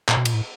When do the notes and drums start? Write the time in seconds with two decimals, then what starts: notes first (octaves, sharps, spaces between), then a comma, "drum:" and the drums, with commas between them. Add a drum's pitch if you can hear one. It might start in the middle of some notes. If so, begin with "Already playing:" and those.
0.09 A#2, drum: clap
0.17 B2
0.25 A#2, drum: cymbal
0.34 A2